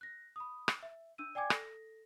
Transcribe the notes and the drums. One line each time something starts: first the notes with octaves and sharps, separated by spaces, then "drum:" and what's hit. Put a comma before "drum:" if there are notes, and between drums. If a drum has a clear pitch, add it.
F#6 A#6
B5 D#6
drum: rim click
E5
D4 E6 D#7
D5 G5 G#5 D6 G#6
A4 A#6, drum: rim click